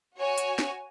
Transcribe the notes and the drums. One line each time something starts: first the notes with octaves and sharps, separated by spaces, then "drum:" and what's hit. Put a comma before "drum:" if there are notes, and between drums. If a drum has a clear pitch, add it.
F#4 C#5 G#5
drum: hi-hat
drum: snare